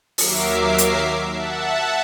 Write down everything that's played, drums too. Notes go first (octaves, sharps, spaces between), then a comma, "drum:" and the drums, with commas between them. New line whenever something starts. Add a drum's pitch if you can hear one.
D#2 F#3 A#4 E5 D6 C7, drum: open hi-hat
drum: hi-hat
E5 F#5 A5